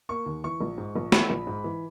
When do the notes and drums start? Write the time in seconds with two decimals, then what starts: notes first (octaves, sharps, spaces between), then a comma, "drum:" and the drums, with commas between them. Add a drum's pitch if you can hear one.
0.09 A#3 C#6
0.26 D#2
0.44 E3 C#6
0.61 A#1
0.78 G#2
0.96 A#1
1.12 E3 B5, drum: snare
1.30 A#1
1.47 G#2
1.64 E3